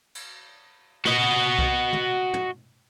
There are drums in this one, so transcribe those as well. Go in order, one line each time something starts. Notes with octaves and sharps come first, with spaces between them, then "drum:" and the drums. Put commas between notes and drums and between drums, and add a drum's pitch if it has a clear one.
drum: cymbal
F#4 D#5, drum: snare
drum: kick B1
drum: tom
drum: tom